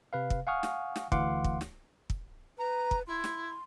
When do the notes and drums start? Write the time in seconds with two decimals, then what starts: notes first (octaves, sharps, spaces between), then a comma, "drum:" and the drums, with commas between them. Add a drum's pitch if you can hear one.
0.13 C3 B4 F5
0.30 drum: kick
0.47 F5 F#5 G#5 C#6 D#6 F6
0.63 drum: snare
0.96 drum: snare
1.12 D2 E3 F5 F#5 C6 D6, drum: kick
1.44 drum: kick
1.61 drum: snare
2.10 drum: kick
2.58 B4 A#5
2.91 drum: kick
3.07 E4 C6
3.24 drum: snare